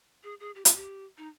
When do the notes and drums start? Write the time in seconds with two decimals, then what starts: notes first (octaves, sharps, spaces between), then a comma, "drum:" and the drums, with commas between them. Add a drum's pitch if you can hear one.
0.23 G#4
0.40 G#4
0.55 G4
0.65 F4, drum: hi-hat
0.76 G4
1.18 D#4